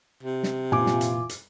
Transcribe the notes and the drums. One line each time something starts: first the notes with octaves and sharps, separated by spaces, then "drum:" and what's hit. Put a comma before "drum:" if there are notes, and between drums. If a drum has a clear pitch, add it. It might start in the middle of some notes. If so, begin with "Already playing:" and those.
C3
drum: snare
A#2 E3 F4 G#5 D6, drum: tom
drum: snare
drum: hi-hat
drum: hi-hat